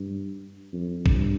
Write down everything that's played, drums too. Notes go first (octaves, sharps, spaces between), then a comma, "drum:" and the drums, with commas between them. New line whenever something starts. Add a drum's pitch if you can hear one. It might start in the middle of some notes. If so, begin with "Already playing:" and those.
Already playing: G2
F2
G2, drum: kick